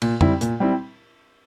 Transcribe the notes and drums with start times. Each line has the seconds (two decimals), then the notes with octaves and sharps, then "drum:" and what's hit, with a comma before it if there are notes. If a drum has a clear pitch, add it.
0.02 A#2, drum: cymbal
0.21 G3 C4 E4, drum: tom F2
0.41 A#2, drum: hi-hat
0.60 G3 C4 E4